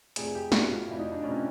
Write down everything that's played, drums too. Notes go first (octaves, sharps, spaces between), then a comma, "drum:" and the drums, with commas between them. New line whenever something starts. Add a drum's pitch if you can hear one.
F1 F2 C3 G#4, drum: hi-hat
G4
F1 F2 C3 F#4, drum: snare
F4
F1 F2 C3 E4
D#4
D4
F1 F2 C3 C#4